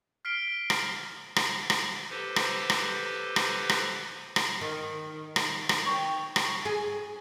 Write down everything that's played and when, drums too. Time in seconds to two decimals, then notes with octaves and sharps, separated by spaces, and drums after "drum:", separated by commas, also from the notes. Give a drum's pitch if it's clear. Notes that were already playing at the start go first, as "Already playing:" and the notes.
0.25 F6 B6 C7 D7 G7
0.70 drum: rim click
1.36 drum: rim click
1.70 drum: rim click
2.10 G4 A4 B4 C5
2.36 drum: rim click
2.70 drum: rim click
3.36 drum: rim click
3.69 drum: rim click
4.36 drum: rim click
4.61 D#3
5.36 drum: rim click
5.69 drum: rim click
5.86 C#5 G5
6.36 drum: rim click
6.65 G#4